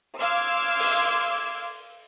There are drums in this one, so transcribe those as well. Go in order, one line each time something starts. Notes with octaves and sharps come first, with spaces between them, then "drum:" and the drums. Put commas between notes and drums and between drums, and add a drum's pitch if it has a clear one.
F5 C6 D6 E6 G#6, drum: hi-hat
drum: open hi-hat